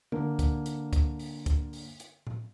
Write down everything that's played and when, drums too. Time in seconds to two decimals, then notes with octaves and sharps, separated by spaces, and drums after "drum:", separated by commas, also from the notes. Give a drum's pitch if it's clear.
0.12 D3 A#3, drum: tom C#3
0.39 drum: kick, hi-hat
0.66 drum: hi-hat
0.93 drum: kick, hi-hat
1.19 drum: open hi-hat
1.46 drum: kick, hi-hat
1.73 drum: open hi-hat
2.00 drum: hi-hat
2.27 drum: tom A2